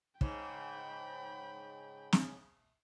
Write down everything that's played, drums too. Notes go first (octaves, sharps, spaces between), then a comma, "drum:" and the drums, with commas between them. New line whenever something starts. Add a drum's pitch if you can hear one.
G#2 C#3 G5 B5, drum: kick
drum: snare